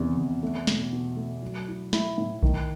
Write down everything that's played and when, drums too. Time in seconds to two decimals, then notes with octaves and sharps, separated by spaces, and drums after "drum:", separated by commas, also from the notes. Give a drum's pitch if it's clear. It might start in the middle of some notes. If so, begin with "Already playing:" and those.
Already playing: E2 C3 D#3
0.17 E2
0.43 A3
0.67 B2, drum: snare
0.93 B2
1.17 A3
1.42 F#3
1.68 E4
1.93 E4, drum: snare
2.18 A2
2.43 D#3, drum: kick B1